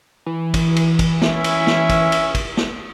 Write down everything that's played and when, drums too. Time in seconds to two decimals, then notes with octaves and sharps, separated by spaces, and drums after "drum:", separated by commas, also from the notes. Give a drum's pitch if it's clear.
0.26 E3
0.54 drum: kick, cymbal
0.76 drum: cymbal
0.99 drum: kick, cymbal
1.22 C#4 E4 E5, drum: snare
1.44 drum: cymbal
1.67 drum: snare
1.89 drum: kick, cymbal
2.12 drum: cymbal
2.35 drum: kick, cymbal
2.57 drum: snare